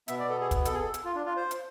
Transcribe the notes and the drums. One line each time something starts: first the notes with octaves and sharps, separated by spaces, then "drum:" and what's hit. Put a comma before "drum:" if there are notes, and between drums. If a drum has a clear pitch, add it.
B2 B3 E5, drum: hi-hat
D5
A4
G#4
drum: kick, hi-hat
A4, drum: hi-hat
G#4
A4
drum: hi-hat
F4
D4
F4
C5
drum: hi-hat